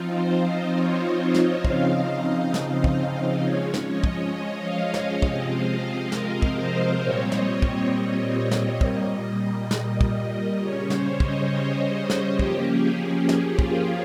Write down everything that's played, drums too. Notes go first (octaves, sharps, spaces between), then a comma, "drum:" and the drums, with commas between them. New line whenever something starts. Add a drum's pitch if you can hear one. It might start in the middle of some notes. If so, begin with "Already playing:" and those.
Already playing: F3 C4 D#4 F4
C5
D#5
C#5
C5
C#5, drum: snare
C#3 F3 C4 D#4 F5, drum: kick
D#5
F5, drum: snare
drum: kick
D#5
F3 G#3 C#4 C#5
drum: snare
D#5
drum: kick
D#5
F5
F5, drum: snare
C3 F3 G#3 C4 D#5, drum: kick
F5
F5
A#4, drum: snare
drum: kick
C5
A#2 G3 C4 C#5
D#5, drum: snare
D#5, drum: kick
C#5
drum: snare
A#2 G3 A#3 D#5, drum: kick
drum: snare
drum: kick
C#3 G3 C#4 C#5
C5, drum: snare
D#5, drum: kick
drum: snare
F3 A#3 C#4 G4, drum: kick
G#4
G4
G4, drum: snare
F4, drum: kick